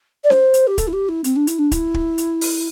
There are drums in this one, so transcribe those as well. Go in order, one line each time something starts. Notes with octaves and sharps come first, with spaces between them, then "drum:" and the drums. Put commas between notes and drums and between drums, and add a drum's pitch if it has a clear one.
D5
C5, drum: snare C#4
drum: hi-hat
G4
A4, drum: kick, hi-hat
E4
G4
E4
C4, drum: hi-hat
D4
E4, drum: hi-hat
D4
E4, drum: kick, hi-hat
drum: kick
drum: hi-hat
drum: open hi-hat